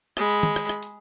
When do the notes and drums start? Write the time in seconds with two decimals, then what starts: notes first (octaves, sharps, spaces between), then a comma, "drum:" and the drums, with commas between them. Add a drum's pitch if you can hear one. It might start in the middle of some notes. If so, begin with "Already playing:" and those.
0.17 G#3 B5, drum: rim click
0.30 drum: hi-hat
0.43 drum: tom
0.56 drum: rim click
0.69 drum: rim click
0.83 drum: hi-hat